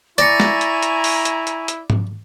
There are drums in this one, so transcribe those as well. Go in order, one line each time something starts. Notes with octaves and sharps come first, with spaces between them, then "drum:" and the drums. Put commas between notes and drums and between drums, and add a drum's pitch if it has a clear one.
E4 D5 G#5 A#5 C#6 A6 A#6 C#7, drum: hi-hat
drum: snare
drum: hi-hat
drum: hi-hat
drum: open hi-hat
drum: hi-hat
drum: hi-hat
drum: hi-hat
drum: tom G#2